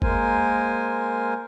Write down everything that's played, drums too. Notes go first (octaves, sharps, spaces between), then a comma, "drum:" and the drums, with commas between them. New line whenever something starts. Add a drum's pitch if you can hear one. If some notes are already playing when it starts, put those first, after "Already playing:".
G#3 A#3 A#4 C5 G#5, drum: kick G1